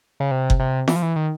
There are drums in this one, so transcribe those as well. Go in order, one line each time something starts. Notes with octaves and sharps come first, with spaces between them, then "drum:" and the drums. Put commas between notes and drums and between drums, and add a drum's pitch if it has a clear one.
C#3
C3
drum: kick F#1
C3
E3, drum: snare
F3
E3
D#3